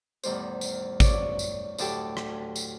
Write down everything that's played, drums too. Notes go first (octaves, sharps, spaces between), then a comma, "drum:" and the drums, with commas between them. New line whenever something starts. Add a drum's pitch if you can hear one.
E2 A2 D#3 G3 C5, drum: tambourine
drum: tambourine
C#5 D5, drum: kick G#1, tambourine
drum: tambourine
D2 A2 F#3 G4 A4 G5, drum: tambourine
drum: rim click
drum: tambourine